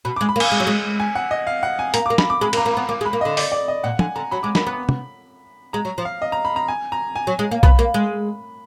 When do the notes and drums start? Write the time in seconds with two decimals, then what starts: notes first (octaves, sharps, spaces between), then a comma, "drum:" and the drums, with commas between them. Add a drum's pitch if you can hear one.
0.05 B2 B5
0.16 D6
0.21 G#3
0.29 B5
0.36 A#3
0.40 G#5, drum: cymbal
0.51 G#3
0.60 F#3
0.67 G#3
1.00 G#5
1.15 F#5
1.31 D#5
1.47 F5
1.63 F#5
1.79 G#5
1.94 A#3 A#5, drum: hi-hat
2.06 D6
2.10 A#3
2.18 B5, drum: snare
2.30 D6
2.41 G#3 B5
2.53 A#3, drum: cymbal
2.57 A#5
2.66 A#3
2.74 B3 B5
2.89 A#3 D6
3.01 G#3
3.06 B5
3.13 A#3
3.21 D3 D#5
3.37 D5, drum: open hi-hat
3.52 D5
3.68 D#5
3.84 A#2 F#5
3.99 D3 G#5, drum: tom
4.16 D3 A#5
4.31 F#3 B5
4.43 G#3 D6
4.55 A#3 B5, drum: snare
4.67 B3 B5
4.89 drum: tom
5.73 G#3 A#5
5.85 F#3
5.98 F3
6.05 F5
6.22 D#5
6.32 A#5
6.45 B5
6.56 A#5
6.68 G#5
6.92 A#5
7.16 G#5
7.27 F#3
7.39 G#3
7.51 A#3
7.63 B3 B5, drum: kick B1
7.79 A#3
7.94 G#3